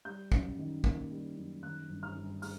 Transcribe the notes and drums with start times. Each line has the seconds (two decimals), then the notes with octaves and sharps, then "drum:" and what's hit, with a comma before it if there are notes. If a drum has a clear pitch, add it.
0.05 G3 G6
0.32 F#2, drum: kick
0.58 D#3
0.84 A#3, drum: kick
1.10 G3
1.36 F#2
1.63 D#3 F#6
1.89 G1
2.03 F6
2.16 G2
2.42 G#3 F6, drum: open hi-hat